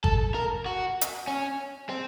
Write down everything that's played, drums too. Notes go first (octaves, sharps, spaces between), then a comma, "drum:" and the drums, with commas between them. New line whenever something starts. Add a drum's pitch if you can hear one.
A4, drum: kick G#1
A#4
F#4
drum: hi-hat
C#4
C4